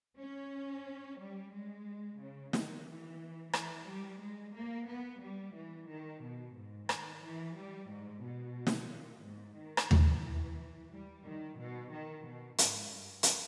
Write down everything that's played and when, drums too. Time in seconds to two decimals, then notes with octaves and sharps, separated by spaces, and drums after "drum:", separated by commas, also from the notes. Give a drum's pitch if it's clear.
0.18 C#4
1.19 G3
1.53 G#3
2.20 C#3
2.53 D#3, drum: snare
2.87 E3
3.53 E3, drum: rim click
3.87 G3
4.21 G#3
4.54 A#3
4.88 B3
5.21 G3
5.55 E3
5.89 D#3
6.23 B2
6.56 G#2
6.89 D#3, drum: rim click
7.22 E3
7.56 G3
7.90 G#2
8.24 B2
8.67 drum: snare
8.90 A#2
9.24 G#2
9.57 D#3
9.77 drum: rim click
9.91 E3, drum: tom D#2
10.91 G3
11.25 D#3
11.58 B2
11.92 D#3
12.25 B2
12.58 G#2, drum: hi-hat
12.93 G2
13.23 drum: hi-hat